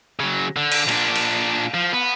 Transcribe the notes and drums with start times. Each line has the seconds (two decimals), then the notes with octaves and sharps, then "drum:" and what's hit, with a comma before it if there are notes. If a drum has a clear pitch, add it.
0.20 C#3 F#3
0.56 D3
0.71 drum: cymbal
0.88 A#2 D4, drum: cymbal
1.15 drum: cymbal
1.74 F3
1.93 B3